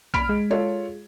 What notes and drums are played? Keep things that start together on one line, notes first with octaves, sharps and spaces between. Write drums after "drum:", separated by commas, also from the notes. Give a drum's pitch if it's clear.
B5 F6 B6 D7, drum: kick B1
G#3
F4 A4 C#5